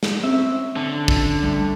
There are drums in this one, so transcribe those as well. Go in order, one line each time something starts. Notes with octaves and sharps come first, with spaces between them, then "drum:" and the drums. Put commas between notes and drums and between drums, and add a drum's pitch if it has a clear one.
drum: snare
C4 C#4 E5
D3 A5
drum: kick
G3 A3